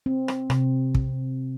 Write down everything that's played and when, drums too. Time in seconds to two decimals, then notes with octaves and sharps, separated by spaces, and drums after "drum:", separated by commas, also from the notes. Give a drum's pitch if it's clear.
0.06 C4
0.28 drum: rim click
0.50 C3, drum: rim click
0.95 drum: kick